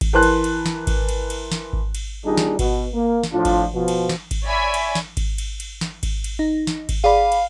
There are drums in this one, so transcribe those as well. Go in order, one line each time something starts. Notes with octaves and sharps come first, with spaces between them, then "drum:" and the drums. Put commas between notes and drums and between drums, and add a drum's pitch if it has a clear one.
drum: kick G#1, cymbal
E3 A#4 B4 A5 C6 F#6
drum: cymbal
drum: cymbal
drum: snare
drum: kick G#1, cymbal
drum: cymbal
drum: cymbal
drum: snare
drum: kick G#1
drum: cymbal
D#2 G3 D4 D#4 F4 G#4
drum: snare
B2, drum: kick G#1, cymbal
A#3
drum: snare
A2 F3 D4 F4
drum: kick G#1, cymbal
B2 F3
drum: cymbal
drum: snare
drum: kick G#1, cymbal
C#5 D5 E5 G#5 B5
drum: cymbal
drum: snare
drum: kick G#1, cymbal
drum: cymbal
drum: cymbal
drum: snare
drum: kick G#1, cymbal
drum: cymbal
D#4
drum: snare
drum: kick G#1, cymbal
G#4 D5 F5 B5
drum: cymbal